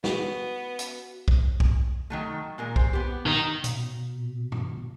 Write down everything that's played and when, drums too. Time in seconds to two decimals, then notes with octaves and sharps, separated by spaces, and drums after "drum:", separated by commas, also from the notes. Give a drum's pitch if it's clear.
0.04 B3 F#4, drum: snare
0.79 drum: hi-hat
1.28 drum: kick B1
1.60 drum: kick B1
2.10 D#3 F#3 A3
2.58 A#2 G#3 A#4
2.76 C5, drum: kick B1
2.93 B3 G4
3.26 D#3 D#4
3.64 B2, drum: hi-hat
4.52 drum: tom